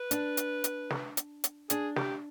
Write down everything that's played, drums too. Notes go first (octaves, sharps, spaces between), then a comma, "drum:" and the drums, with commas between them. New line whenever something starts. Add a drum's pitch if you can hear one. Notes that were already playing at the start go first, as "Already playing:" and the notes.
Already playing: B4
D4, drum: hi-hat
drum: hi-hat
drum: hi-hat
drum: snare
drum: hi-hat
drum: hi-hat
D4 G#4, drum: hi-hat
G4, drum: snare